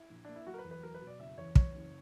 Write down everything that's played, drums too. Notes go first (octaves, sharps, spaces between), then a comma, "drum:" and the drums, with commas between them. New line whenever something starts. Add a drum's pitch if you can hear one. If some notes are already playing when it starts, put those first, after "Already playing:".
Already playing: E4
A#1
A#3 D4
E4
F#3 F#4
A#4
B4
E2
B4
F#3 A#4
B4
B2
D5
F#1 E5
E2 C#5
E2 C#5, drum: kick
F#1